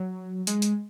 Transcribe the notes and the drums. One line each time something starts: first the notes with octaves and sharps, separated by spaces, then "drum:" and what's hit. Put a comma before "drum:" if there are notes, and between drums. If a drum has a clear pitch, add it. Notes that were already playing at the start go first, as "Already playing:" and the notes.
Already playing: F#3
G#3, drum: hi-hat
drum: hi-hat